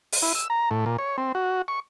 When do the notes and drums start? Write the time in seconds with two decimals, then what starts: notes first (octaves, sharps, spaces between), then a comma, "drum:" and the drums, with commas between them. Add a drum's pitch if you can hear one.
0.12 drum: open hi-hat
0.22 E4
0.35 E6
0.50 A#5
0.71 A2
0.86 A#2
0.98 C#5
1.18 C4
1.35 F#4
1.68 C#6